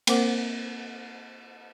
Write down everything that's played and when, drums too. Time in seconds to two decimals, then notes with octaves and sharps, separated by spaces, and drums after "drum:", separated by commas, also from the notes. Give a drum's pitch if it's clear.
0.07 A#3 C4 A#4 C5 F#5 D6, drum: cymbal